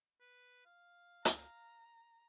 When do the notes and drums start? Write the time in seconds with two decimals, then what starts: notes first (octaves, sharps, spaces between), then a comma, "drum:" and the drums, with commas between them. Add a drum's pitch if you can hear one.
0.20 B4
0.66 F5
1.25 A#5, drum: hi-hat